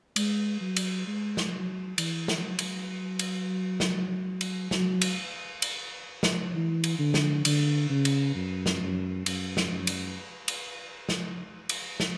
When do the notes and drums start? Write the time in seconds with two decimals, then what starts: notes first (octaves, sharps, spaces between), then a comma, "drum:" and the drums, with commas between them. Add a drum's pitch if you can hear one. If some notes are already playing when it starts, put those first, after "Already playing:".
0.16 G#3, drum: cymbal
0.61 F#3
0.76 drum: cymbal
1.07 G#3
1.37 drum: snare
1.53 F#3
1.98 E3, drum: cymbal
2.28 drum: snare
2.43 F#3
2.59 drum: cymbal
3.19 drum: cymbal
3.80 drum: snare
4.41 drum: cymbal
4.71 F#3, drum: snare
5.01 drum: cymbal
5.62 drum: cymbal
6.23 drum: snare
6.54 E3
6.84 drum: cymbal
6.99 D3
7.14 drum: snare
7.45 D3, drum: cymbal
7.90 C#3
8.05 drum: cymbal
8.35 F#2
8.66 drum: snare
8.82 F#2
9.26 F#2, drum: cymbal
9.57 drum: snare
9.71 F#2
9.87 drum: cymbal
10.48 drum: cymbal
11.09 drum: snare
11.69 drum: cymbal
12.00 drum: snare